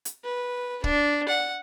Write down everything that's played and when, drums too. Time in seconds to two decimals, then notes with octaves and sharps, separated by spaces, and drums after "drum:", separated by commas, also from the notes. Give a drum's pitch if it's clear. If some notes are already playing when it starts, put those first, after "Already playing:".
0.05 drum: hi-hat
0.24 B4
0.84 D4, drum: kick
1.29 F#5